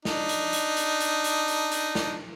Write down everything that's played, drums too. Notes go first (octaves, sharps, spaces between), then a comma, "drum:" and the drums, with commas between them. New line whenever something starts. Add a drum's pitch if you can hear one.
D4 D#4, drum: snare
drum: hi-hat
drum: hi-hat
drum: hi-hat
drum: hi-hat
drum: hi-hat
drum: hi-hat
drum: hi-hat
drum: snare